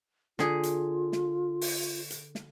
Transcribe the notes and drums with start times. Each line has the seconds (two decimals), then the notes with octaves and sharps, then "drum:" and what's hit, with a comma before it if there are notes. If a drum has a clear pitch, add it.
0.39 D3 F4 G#4, drum: snare
0.63 drum: hi-hat
1.12 drum: snare
1.61 drum: open hi-hat
2.10 drum: hi-hat
2.35 drum: snare